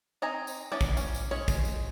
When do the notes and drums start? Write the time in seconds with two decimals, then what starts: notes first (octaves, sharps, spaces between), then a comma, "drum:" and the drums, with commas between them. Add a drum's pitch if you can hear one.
0.22 C4 D#4 G#5 A#5
0.47 drum: tambourine
0.72 E3 B3 C#4 D4 D5
0.81 drum: kick, tambourine
0.97 C#4, drum: tambourine
1.14 drum: tambourine
1.31 G#3 C#4 C#5
1.48 drum: kick, tambourine
1.65 drum: tambourine